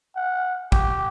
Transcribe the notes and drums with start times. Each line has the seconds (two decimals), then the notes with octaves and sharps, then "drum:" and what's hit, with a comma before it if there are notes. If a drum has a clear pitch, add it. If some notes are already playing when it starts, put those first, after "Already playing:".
0.16 F#5
0.72 G4, drum: kick A1